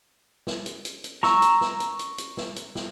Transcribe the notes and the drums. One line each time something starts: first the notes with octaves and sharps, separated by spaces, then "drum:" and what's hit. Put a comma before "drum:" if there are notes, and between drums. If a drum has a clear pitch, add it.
drum: snare
drum: hi-hat
drum: hi-hat
drum: hi-hat
A#5 C#6 E6, drum: snare
drum: hi-hat
drum: snare
drum: hi-hat
drum: hi-hat
drum: hi-hat
drum: snare
drum: hi-hat
drum: snare